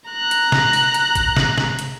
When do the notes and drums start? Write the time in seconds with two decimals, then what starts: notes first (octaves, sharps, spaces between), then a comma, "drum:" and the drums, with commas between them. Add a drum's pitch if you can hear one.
0.10 A#5 F#6
0.31 drum: hi-hat
0.52 drum: snare
0.73 drum: open hi-hat
0.94 drum: hi-hat
1.15 drum: kick G1, hi-hat
1.37 drum: snare
1.58 drum: snare
1.79 drum: hi-hat